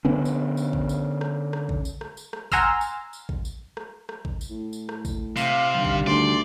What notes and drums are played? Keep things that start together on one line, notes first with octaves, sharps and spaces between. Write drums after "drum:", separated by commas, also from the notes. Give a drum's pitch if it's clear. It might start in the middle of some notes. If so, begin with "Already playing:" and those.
D3 B3 C#4
drum: tambourine
drum: tambourine
drum: kick A1
drum: tambourine
drum: rim click
drum: rim click
drum: kick A1
drum: tambourine
drum: rim click
drum: tambourine
drum: rim click
F#5 G#5 A#5 C6 E6 F6, drum: kick A1, tambourine
drum: tambourine
drum: tambourine
drum: kick A1
drum: tambourine
drum: rim click
drum: rim click
drum: kick A1
drum: tambourine
A2
drum: tambourine
drum: rim click
drum: kick A1, tambourine
C3 F5, drum: tambourine
D3 D#3 G3
drum: kick A1
D2 D5 C6